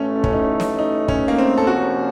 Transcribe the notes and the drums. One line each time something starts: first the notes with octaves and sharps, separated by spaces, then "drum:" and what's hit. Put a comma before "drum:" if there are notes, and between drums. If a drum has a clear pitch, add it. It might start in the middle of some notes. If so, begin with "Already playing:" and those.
Already playing: A1 A2 A3 C#4
C#4, drum: kick
D#4
drum: snare
D#4
C#4, drum: kick
A#3
C4
A4
F2 C3 F3 A#3 C#4 F#4